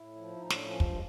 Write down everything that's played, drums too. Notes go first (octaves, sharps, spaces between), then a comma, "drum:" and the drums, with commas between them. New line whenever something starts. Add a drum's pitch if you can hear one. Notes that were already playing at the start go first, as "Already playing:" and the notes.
Already playing: A2 E4
F3
A2 D#4
D4, drum: snare
F3
C#4
G2 G#3, drum: kick
G#3